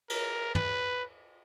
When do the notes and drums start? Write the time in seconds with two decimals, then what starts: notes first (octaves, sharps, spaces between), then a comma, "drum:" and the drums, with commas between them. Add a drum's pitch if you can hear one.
0.10 A#4, drum: cymbal
0.55 B4, drum: tom